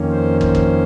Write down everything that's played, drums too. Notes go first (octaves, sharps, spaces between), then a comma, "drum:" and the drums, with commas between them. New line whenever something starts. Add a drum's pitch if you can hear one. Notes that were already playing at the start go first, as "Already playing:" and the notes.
Already playing: F2 D#3 A#3 C#4
C5
C5, drum: kick
drum: kick